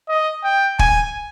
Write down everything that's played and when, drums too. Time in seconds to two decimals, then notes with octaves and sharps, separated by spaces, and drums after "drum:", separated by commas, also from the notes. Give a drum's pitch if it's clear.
0.09 D#5
0.44 G5
0.79 G#5, drum: kick